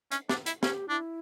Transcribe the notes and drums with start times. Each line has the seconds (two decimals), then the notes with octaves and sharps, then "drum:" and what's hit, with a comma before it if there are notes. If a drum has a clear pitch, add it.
0.12 C#4, drum: hi-hat
0.29 D4, drum: snare
0.46 E4, drum: hi-hat
0.63 C#4 G4, drum: snare
0.89 D4 E4